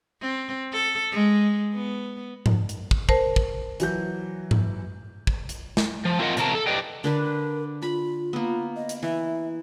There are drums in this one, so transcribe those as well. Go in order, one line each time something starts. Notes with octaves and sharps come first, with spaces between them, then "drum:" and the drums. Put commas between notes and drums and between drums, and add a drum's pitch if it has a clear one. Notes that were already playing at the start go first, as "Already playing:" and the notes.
C4
A4
G#3
B3
drum: tom G#2
drum: hi-hat
drum: kick
A#4 C5 A5, drum: kick
drum: kick
E3 F#3 G6, drum: hi-hat
drum: tom G#2
drum: kick
drum: hi-hat
drum: snare
F3
C4 F4 A#4 C5 D#5 F#5
E2 C3 F#4 A#4 A5, drum: hi-hat
A4
G4 B4 D5 D#5 G5
D3 D4 A#4 B4
F4 B5
A#3 B3
D#5
drum: hi-hat
E3 E5